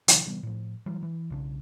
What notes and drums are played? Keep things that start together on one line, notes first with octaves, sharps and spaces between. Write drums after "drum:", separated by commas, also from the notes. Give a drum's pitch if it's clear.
C3 D#3 F3, drum: hi-hat
C3 E3 G3 B3
A2 F3
E3 F#3 G3
E3
B1 C#3 D4